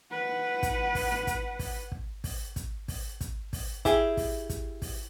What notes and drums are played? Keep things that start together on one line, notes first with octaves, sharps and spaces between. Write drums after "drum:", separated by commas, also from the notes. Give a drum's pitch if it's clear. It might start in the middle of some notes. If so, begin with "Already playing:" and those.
B4 F#5
drum: kick, hi-hat
drum: kick, open hi-hat
drum: tom
drum: kick, hi-hat
drum: kick, open hi-hat
drum: kick
drum: kick, open hi-hat
drum: kick, hi-hat
drum: kick, open hi-hat
drum: kick, hi-hat
drum: kick, open hi-hat
E4 G4 G#4, drum: kick, hi-hat
drum: kick, open hi-hat
drum: kick, hi-hat
drum: kick, open hi-hat